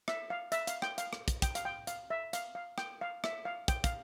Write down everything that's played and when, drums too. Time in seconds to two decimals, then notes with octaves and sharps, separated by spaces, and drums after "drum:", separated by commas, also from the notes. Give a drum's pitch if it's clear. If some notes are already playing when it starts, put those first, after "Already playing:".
0.08 E5, drum: rim click
0.30 F5
0.52 E5, drum: hi-hat
0.67 F5, drum: hi-hat
0.82 G5, drum: rim click
0.98 F5, drum: hi-hat
1.13 drum: rim click
1.28 drum: kick, hi-hat
1.42 G5, drum: kick, hi-hat
1.55 F5, drum: hi-hat
1.65 G5
1.87 F5, drum: hi-hat
2.10 E5
2.33 F5, drum: hi-hat
2.55 F5
2.78 G5, drum: rim click
3.01 F5
3.24 E5, drum: rim click
3.45 F5
3.68 G5, drum: kick, hi-hat
3.84 F5, drum: kick, hi-hat